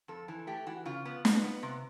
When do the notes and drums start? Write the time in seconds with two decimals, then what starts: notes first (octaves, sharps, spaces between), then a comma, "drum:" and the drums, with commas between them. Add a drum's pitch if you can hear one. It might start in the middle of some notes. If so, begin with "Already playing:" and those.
0.08 F2 A4
0.28 E3 A4
0.47 A3 G4
0.67 E3 F#4
0.85 C#3 F4
1.05 B3
1.25 B3, drum: snare
1.44 B3
1.63 C3